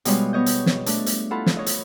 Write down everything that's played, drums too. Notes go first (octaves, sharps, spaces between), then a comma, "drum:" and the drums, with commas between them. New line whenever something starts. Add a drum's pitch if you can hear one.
B2 G3 G#3 F4 C#5 F#5, drum: hi-hat
B3 C#5 D#5 G6
drum: hi-hat
drum: snare
A3 D4, drum: hi-hat
drum: hi-hat
E4 F4 A4 F#5 B5
drum: snare
C#5 D#5
drum: hi-hat